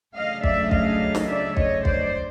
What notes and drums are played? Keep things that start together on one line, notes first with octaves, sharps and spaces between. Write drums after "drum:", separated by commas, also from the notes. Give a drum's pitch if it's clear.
C#3 F#3 A3 D4 D#5 F5
D5 E5, drum: kick
D#5 F5, drum: kick
drum: snare
D5 E5
C#5 D#5, drum: kick
C5 D5, drum: kick